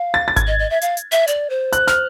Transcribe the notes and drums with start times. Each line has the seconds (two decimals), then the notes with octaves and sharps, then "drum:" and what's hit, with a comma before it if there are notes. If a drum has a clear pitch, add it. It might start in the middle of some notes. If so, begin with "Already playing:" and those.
Already playing: F5
0.14 A6
0.28 A6
0.36 G#6, drum: kick G#1, hi-hat
0.47 D#5
0.59 D#5
0.70 E5
0.82 F5, drum: hi-hat
0.97 drum: hi-hat
1.12 E5, drum: hi-hat
1.27 D5, drum: hi-hat
1.50 C5
1.73 F#6, drum: hi-hat
1.87 F6, drum: snare